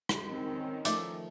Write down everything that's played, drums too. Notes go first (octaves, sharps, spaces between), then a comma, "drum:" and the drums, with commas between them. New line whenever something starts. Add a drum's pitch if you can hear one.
drum: rim click
D#3 C4 C#4
F3 A3 D#4 D5 E5, drum: hi-hat